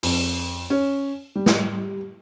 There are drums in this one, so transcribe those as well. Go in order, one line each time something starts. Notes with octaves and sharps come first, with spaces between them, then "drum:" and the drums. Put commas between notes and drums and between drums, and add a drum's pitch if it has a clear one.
F2, drum: open hi-hat
C#4
G3
drum: snare